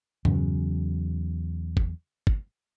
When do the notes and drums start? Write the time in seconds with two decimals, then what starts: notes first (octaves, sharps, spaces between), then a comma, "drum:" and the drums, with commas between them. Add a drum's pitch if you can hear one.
0.25 E2 C#3 F#3, drum: tom G2
1.77 drum: kick
2.27 drum: kick